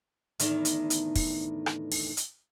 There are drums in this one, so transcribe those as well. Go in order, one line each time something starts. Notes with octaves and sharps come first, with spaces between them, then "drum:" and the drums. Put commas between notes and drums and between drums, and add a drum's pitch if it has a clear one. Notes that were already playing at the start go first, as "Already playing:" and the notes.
E2 A2 D3 D#3, drum: hi-hat
drum: hi-hat
drum: hi-hat
drum: kick, open hi-hat
drum: rim click
drum: open hi-hat
drum: hi-hat